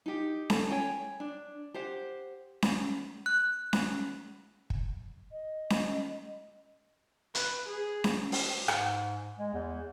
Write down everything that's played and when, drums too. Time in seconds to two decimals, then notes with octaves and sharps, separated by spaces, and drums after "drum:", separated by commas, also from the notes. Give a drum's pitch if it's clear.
0.06 D#4 G4
0.50 A4, drum: snare C#4
0.70 C#5 G5 G#5
1.20 D4
1.74 G4 C5 F#5
2.62 drum: snare C#4
3.26 F#6
3.73 drum: snare C#4
4.70 drum: kick
5.32 D#5
5.70 drum: snare C#4
7.35 B4, drum: hi-hat
7.68 G#4
8.04 drum: snare C#4
8.32 drum: open hi-hat
8.68 G#2, drum: rim click
9.39 G#3
9.54 E2